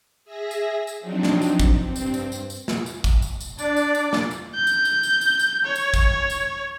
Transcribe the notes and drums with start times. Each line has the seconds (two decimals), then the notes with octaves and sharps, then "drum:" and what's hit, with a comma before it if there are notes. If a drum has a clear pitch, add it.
0.25 G#4 E5 A#6
0.51 drum: tambourine
0.87 drum: tambourine
1.00 F3 F#3 C4 D4 D#4
1.23 drum: snare
1.41 drum: tambourine
1.60 drum: kick, tambourine
1.82 G2 C4
1.96 drum: tambourine
2.14 drum: tambourine
2.32 drum: tambourine
2.50 drum: tambourine
2.68 drum: snare
2.86 drum: tambourine
3.04 drum: kick, tambourine
3.22 drum: tambourine
3.40 drum: tambourine
3.58 D4 D5, drum: tambourine
3.77 drum: tambourine
3.95 drum: tambourine
4.13 drum: snare
4.31 drum: tambourine
4.55 G6
4.67 drum: tambourine
4.85 drum: tambourine
5.03 drum: tambourine
5.21 drum: tambourine
5.39 drum: tambourine
5.65 C#5
5.76 drum: tambourine
5.94 drum: kick, tambourine
6.30 drum: tambourine